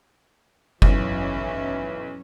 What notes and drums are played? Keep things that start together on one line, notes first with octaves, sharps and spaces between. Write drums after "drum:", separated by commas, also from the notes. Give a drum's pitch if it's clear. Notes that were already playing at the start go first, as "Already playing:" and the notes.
B1 E3 F#3 C#4, drum: kick F#1